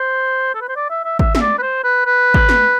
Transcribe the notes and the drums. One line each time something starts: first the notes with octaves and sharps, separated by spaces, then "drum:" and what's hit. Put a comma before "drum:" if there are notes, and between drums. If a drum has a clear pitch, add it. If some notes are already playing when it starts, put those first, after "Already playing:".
Already playing: C5
A4
B4
C5
D5
E5
E5
E5, drum: kick G#1
E5, drum: snare
D5
B4
C5
B4
B4
drum: kick G#1
drum: snare